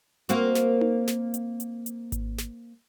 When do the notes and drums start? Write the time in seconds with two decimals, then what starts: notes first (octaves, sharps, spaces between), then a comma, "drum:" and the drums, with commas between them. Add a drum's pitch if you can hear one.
0.29 A#3 C4 F#4, drum: hi-hat
0.55 drum: snare
0.81 drum: tom D#4
1.08 drum: snare
1.34 drum: hi-hat
1.60 drum: hi-hat
1.86 drum: hi-hat
2.12 drum: kick G#1, hi-hat
2.38 drum: snare